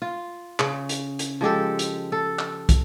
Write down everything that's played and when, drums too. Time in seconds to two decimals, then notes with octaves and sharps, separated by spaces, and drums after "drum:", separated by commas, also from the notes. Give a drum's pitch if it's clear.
0.02 F4
0.59 C#3, drum: clap
0.89 drum: hi-hat
1.19 drum: hi-hat
1.41 F3 G#3 G4 A4
1.79 drum: hi-hat
2.12 A4
2.39 drum: clap
2.69 drum: kick, hi-hat